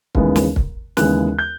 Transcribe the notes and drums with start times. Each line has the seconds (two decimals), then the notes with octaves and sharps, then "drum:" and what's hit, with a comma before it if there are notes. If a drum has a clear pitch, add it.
0.15 D#2 C#3 E3 G#3 B3, drum: kick
0.36 drum: snare
0.56 drum: kick
0.97 D#2 C#3 E3 G#3 B3 F#6, drum: snare
1.39 G6